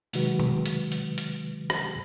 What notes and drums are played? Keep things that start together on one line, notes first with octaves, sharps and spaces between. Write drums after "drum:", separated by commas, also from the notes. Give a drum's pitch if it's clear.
C3 D#3 F#3 G#3 F#4 B4, drum: open hi-hat
drum: tom B2
drum: hi-hat
drum: hi-hat
drum: hi-hat
drum: rim click